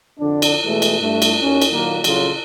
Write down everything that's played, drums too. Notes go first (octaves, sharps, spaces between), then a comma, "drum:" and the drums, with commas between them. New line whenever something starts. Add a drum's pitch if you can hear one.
F2 D3 D4
drum: cymbal
B2 E3 G#3 A3
drum: cymbal
G2 A3
drum: cymbal
D#2 C#4
drum: cymbal
A#2 D#3 F#3 A#3
A#1 C#3 F#3 F4 A4, drum: cymbal